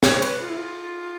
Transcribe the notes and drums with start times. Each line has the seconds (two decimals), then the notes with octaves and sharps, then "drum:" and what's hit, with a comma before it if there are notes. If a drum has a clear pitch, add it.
0.03 C#5, drum: snare
0.22 B4, drum: cymbal
0.41 F4
0.49 E4
0.57 F4